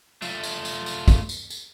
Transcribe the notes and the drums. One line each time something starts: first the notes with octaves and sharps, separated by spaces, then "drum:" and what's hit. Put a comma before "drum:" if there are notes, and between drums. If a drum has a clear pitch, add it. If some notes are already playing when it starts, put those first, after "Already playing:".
A3 F4, drum: tambourine
drum: tambourine
drum: tambourine
drum: tambourine
drum: kick, tambourine
drum: tambourine
drum: tambourine